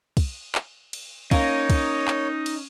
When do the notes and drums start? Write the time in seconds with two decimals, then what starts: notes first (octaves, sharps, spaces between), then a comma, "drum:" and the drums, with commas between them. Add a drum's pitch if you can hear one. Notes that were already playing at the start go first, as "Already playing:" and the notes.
0.17 drum: kick, cymbal
0.55 drum: clap
0.93 drum: cymbal
1.31 A#3 C#4 D#4 C#5, drum: kick, cymbal
1.70 drum: kick, cymbal
2.08 drum: clap
2.46 drum: cymbal